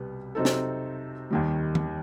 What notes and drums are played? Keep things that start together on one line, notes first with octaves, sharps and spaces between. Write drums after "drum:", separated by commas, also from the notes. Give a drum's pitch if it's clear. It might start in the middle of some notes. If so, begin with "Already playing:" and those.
Already playing: C2 B2 G3 B3
C3 F#3 C4 D#4 A4
drum: snare
D#2 D#3 G3
drum: tom D#3